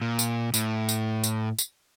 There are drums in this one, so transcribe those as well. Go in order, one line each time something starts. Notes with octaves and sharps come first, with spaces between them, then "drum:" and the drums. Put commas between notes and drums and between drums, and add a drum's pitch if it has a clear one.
A#2
drum: tambourine
A2, drum: tambourine
drum: tambourine
drum: tambourine
drum: tambourine